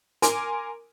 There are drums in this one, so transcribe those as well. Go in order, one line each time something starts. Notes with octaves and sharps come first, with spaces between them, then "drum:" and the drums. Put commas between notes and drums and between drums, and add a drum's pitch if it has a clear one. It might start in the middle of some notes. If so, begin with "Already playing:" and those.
A#4 G#5 C6 D6, drum: hi-hat